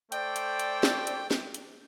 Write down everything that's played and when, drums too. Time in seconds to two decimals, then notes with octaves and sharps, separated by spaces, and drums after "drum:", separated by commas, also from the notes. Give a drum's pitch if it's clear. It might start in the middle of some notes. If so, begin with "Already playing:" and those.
0.12 A3 C5 D5 G5, drum: hi-hat
0.36 drum: hi-hat
0.59 drum: hi-hat
0.83 drum: snare
1.07 drum: hi-hat
1.31 drum: snare
1.54 drum: hi-hat